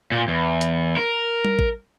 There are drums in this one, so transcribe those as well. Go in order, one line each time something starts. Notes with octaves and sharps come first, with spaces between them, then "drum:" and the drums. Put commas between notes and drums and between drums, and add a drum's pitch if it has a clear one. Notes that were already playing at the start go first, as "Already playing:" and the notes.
A#2
E2
drum: hi-hat
A#4
drum: tom G3
drum: kick A1